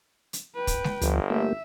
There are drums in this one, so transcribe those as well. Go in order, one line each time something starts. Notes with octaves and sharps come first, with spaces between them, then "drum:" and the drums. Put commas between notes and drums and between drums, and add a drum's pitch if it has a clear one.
drum: hi-hat
B4 G5
drum: kick, hi-hat
drum: snare
G1 D2 F3, drum: hi-hat
A3 A#3 G4 E5